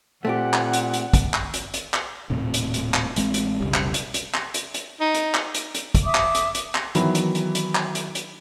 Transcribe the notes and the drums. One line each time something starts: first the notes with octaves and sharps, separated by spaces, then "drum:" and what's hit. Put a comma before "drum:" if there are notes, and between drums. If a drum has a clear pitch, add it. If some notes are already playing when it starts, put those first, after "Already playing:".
A#2 A3 C4 G4 F#5
drum: clap
drum: hi-hat
drum: hi-hat
drum: kick, hi-hat
drum: clap
drum: hi-hat
drum: hi-hat
drum: clap
D#1 A2 C3
drum: hi-hat
drum: hi-hat
drum: clap
A1 G#3 C4, drum: hi-hat
drum: hi-hat
F1 B1 C#3 G3
drum: clap
drum: hi-hat
drum: hi-hat
drum: clap
drum: hi-hat
drum: hi-hat
D#4
drum: hi-hat
drum: clap
drum: hi-hat
drum: hi-hat
drum: kick, hi-hat
E5 D6 D#6
drum: clap
drum: hi-hat
drum: hi-hat
drum: clap
D#3 E3 F#3 B3, drum: hi-hat
drum: hi-hat
drum: hi-hat
drum: hi-hat
drum: clap
drum: hi-hat
drum: hi-hat